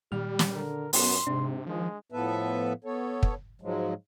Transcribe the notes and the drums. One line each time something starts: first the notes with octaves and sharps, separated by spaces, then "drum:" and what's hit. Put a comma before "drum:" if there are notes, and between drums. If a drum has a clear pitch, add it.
A#2 D#3 G3 G4 F6
drum: snare
D3 A#4
F#2 B3 C6, drum: open hi-hat
G#2 C3 D4
D#3 F3 G#3
A2 F3 B3 A4 B4 E5
B3 A4 C#5
drum: kick
G#2 F3 F#3 G#3